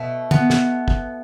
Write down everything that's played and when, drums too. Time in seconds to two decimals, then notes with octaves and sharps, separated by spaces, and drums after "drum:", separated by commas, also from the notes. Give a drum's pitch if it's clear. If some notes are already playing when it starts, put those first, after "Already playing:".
Already playing: B2 A3
0.31 B3, drum: tom
0.50 drum: snare
0.88 drum: kick